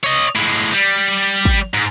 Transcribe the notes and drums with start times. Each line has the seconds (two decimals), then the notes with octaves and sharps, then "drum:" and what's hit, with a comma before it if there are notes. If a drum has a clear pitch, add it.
0.04 C#5 D#5
0.36 A2 G#3, drum: cymbal
0.73 G3
1.45 drum: kick
1.74 G#2